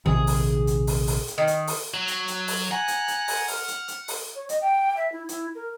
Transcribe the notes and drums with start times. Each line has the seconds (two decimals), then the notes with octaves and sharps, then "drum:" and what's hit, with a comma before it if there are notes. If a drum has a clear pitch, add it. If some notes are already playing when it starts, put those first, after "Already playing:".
0.06 A#1 C3 D#3 G#4
0.27 drum: open hi-hat
0.67 drum: hi-hat
0.87 drum: open hi-hat
1.07 drum: open hi-hat
1.27 drum: hi-hat
1.38 D#3
1.47 drum: hi-hat
1.67 drum: open hi-hat
1.94 F#3
2.08 drum: hi-hat
2.28 drum: hi-hat
2.48 drum: open hi-hat
2.71 F#5 G#5 A#5
2.88 drum: hi-hat
3.08 drum: hi-hat
3.28 drum: open hi-hat
3.48 F6, drum: open hi-hat
3.68 drum: hi-hat
3.88 drum: hi-hat
4.08 drum: open hi-hat
4.35 C#5
4.49 D#5, drum: hi-hat
4.61 G5
4.97 E5
5.12 E4
5.29 E4, drum: hi-hat
5.55 A#4